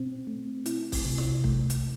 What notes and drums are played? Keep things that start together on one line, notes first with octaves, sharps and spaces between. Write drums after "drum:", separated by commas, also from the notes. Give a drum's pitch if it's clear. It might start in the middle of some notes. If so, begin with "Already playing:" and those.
Already playing: B2 C4
A3
E4, drum: hi-hat
drum: kick, open hi-hat
C3
drum: snare
A3, drum: kick
drum: hi-hat